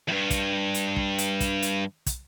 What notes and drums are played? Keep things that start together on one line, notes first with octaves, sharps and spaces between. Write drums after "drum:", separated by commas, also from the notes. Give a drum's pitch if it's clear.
E2 G2
drum: kick, hi-hat
drum: hi-hat
drum: kick
drum: hi-hat
drum: kick, hi-hat
drum: hi-hat
drum: kick, hi-hat